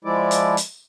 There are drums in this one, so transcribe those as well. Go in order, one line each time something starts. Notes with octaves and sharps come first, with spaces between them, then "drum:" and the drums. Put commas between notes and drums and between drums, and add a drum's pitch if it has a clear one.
F3 G#3 E4 D5
drum: hi-hat
drum: hi-hat